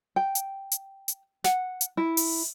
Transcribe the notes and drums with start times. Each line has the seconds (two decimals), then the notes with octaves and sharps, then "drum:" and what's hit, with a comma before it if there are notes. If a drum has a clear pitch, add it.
0.16 G5
0.35 drum: hi-hat
0.71 drum: hi-hat
1.08 drum: hi-hat
1.44 F#5, drum: snare
1.81 drum: hi-hat
1.97 E4
2.17 drum: open hi-hat